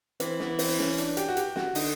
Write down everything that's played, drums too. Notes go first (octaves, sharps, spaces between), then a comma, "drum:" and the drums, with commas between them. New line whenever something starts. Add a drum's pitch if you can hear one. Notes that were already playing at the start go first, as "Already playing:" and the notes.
E3 C4, drum: hi-hat
B3, drum: snare
C4, drum: open hi-hat
C#4, drum: snare
D4, drum: hi-hat
G4, drum: hi-hat
F#4
G4, drum: hi-hat
F#4, drum: snare
D3 D#4, drum: open hi-hat